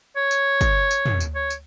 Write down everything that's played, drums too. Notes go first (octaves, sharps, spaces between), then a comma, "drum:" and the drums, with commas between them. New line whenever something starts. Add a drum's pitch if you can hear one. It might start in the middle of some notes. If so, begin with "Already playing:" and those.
C#5
drum: tambourine
drum: kick, tambourine
drum: tambourine
drum: tom
drum: tambourine
C#5
drum: tambourine